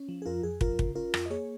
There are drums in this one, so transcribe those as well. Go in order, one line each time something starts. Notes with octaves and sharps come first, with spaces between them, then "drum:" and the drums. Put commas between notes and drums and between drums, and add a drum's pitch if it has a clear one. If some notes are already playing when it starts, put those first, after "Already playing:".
Already playing: C#4
F3
G#4
F2 F4 A#4
F2 G#4
F3 F4 A#4, drum: kick
C#3, drum: kick
C#4 F4 A#4
F2, drum: rim click
D#5
A#3 G#4 C#5